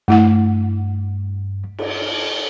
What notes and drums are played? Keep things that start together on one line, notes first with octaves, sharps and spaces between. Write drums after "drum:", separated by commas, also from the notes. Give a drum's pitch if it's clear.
G2 A3 E4 F#5
drum: cymbal